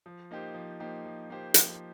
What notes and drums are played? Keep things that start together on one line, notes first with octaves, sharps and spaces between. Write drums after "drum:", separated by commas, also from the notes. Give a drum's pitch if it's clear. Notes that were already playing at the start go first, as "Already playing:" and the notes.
F3
A#3 D#4 G4 C5
F3
A#3 D#4 G4 C5
F3
A#3 D#4 G4 C5
F3, drum: hi-hat